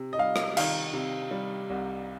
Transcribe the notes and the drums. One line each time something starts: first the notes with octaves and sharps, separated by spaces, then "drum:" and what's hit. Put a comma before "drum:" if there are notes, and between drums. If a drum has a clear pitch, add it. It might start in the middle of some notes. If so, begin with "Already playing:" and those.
Already playing: C3
D#5
G3 F5
drum: rim click
D#3 F5, drum: cymbal
C3
G3
C2